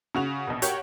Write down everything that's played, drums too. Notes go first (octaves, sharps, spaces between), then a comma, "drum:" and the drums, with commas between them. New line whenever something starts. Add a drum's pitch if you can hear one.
C#3 F#4 F7
A#1 B2
F#4 G4 A#4 C#5 F#5 G5, drum: hi-hat